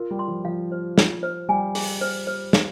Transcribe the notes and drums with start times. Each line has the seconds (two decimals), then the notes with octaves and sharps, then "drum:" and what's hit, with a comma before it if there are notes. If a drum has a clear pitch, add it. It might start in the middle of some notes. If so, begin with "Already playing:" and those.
Already playing: F4 A#4
0.11 G3
0.19 C6
0.28 F3
0.45 F3 F5
0.72 C5
0.98 F4, drum: snare
1.23 C5
1.49 G3 G#5
1.75 G#4, drum: open hi-hat
2.01 C5
2.27 C5
2.53 F5, drum: snare